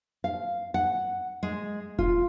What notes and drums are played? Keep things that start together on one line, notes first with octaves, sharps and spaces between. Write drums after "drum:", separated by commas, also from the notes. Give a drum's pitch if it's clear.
F5
F#5
G#3
F4, drum: kick E1